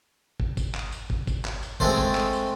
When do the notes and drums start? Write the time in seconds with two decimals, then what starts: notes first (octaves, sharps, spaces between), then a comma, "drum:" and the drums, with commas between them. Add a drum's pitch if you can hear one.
0.40 drum: kick
0.57 drum: kick, tambourine
0.75 drum: clap
0.92 drum: tambourine
1.10 drum: kick
1.27 drum: kick, tambourine
1.45 drum: clap
1.63 drum: tambourine
1.80 G#3 A3 C4 A4 C5, drum: kick
1.98 drum: kick
2.15 drum: clap
2.33 drum: tambourine